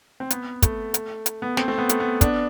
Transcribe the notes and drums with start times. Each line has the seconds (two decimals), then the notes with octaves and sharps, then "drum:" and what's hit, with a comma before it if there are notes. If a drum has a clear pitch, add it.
0.20 C4
0.30 B3, drum: hi-hat
0.62 A3, drum: kick, hi-hat
0.94 drum: hi-hat
1.26 drum: hi-hat
1.42 B3
1.57 A3 C4, drum: snare
1.68 A3 C4
1.78 B3
1.89 A3, drum: hi-hat
2.00 B3
2.21 B3 D4, drum: kick, hi-hat